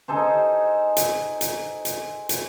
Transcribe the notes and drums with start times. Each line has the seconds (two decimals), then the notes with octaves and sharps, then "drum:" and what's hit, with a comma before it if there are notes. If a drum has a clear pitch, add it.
0.08 D#4 G#4 A4 C5
0.97 drum: hi-hat
1.41 drum: hi-hat
1.85 drum: hi-hat
2.29 drum: hi-hat